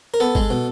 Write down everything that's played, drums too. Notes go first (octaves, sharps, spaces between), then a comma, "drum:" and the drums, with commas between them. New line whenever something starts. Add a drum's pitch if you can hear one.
A#4
B3 A4
G#3, drum: kick
B2